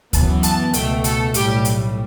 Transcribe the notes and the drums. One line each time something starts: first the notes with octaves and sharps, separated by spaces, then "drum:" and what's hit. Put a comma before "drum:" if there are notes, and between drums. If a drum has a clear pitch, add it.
F#2 E3 B3 A5, drum: kick D2, hi-hat
A5, drum: hi-hat
C#2 B2 A3 G5, drum: hi-hat
A4, drum: hi-hat
B1 A2 G3 G4, drum: hi-hat
drum: hi-hat